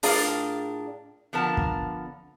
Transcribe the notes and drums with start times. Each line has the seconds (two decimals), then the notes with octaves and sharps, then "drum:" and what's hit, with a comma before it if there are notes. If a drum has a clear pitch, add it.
0.03 A2 D4 F4 G#4 A#4 F5, drum: open hi-hat
1.33 D3 F3 B3 A#4 A5
1.57 drum: kick